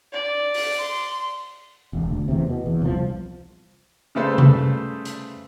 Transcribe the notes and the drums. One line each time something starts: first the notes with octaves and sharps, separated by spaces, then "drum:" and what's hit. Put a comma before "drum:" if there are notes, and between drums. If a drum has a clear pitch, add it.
D5
drum: open hi-hat
C6
E1
D2
E2 C3
B2
E2
C2 E3 F3
C#3 G3 A3 A4 B4 C5
drum: tom C3
drum: hi-hat